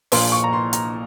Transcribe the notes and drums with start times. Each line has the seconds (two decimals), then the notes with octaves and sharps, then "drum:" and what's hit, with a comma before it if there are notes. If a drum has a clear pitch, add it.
0.12 A#1 A#2 F3 C6, drum: open hi-hat
0.32 C#6
0.44 A#5
0.53 C6
0.73 A#5, drum: hi-hat